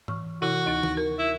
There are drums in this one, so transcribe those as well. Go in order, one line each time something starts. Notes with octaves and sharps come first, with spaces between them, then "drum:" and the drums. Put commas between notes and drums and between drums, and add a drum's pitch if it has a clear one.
E3 C#6 F6, drum: tom G#2
C3 E3 E4 F#4
D2 D#4 A6
drum: tom
A#4
E4